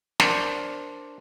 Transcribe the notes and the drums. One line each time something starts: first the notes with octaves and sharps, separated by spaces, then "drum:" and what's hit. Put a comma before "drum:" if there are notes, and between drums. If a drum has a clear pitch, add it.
D4 A#4 C5 D5, drum: snare